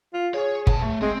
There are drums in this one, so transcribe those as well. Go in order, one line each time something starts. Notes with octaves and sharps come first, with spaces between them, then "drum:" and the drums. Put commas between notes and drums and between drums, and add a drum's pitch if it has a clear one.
F4
G#4 C#5
B3 A5, drum: kick G1
A3
G#3 C4